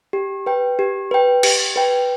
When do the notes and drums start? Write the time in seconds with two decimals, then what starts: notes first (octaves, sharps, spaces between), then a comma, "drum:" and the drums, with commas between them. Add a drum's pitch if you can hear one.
0.13 G4
0.46 B4 G5
0.79 G4
1.11 B4 G5
1.43 G4, drum: cymbal
1.76 B4 G5